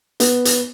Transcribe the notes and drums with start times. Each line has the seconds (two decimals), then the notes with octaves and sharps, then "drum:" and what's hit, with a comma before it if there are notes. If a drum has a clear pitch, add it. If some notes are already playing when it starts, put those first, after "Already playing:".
0.20 B3, drum: hi-hat
0.45 drum: hi-hat